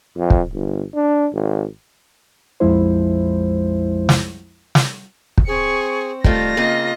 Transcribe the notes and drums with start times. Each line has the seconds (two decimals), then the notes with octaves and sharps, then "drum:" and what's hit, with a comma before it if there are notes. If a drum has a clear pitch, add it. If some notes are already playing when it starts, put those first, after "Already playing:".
0.17 F2
0.30 drum: kick
0.53 G1
0.94 D4
1.33 G#1
2.60 A#1 F2 F3 G#3 E4 C5
4.09 drum: snare
4.75 drum: snare
5.38 drum: kick
5.47 C4 G#4 C#6
6.24 D#3 G3 A3 F4 A#6, drum: kick
6.57 C#3 A#3 C4 D#5